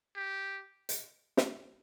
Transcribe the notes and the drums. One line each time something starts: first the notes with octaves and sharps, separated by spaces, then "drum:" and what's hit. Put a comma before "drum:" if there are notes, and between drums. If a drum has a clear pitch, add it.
G4
drum: hi-hat
drum: snare